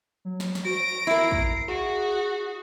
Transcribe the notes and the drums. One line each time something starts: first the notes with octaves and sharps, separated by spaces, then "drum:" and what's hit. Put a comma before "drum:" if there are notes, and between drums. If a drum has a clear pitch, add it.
F#3
drum: snare
drum: snare
F#4 A#6 D7
E4 A#4 C7
drum: kick
F#4 G#4